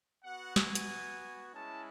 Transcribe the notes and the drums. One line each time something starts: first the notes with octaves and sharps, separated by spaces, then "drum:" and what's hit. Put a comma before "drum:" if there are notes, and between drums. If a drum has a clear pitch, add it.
B3 F#4 F#5
G#5, drum: snare
drum: hi-hat
G#3 C#4 E4 A5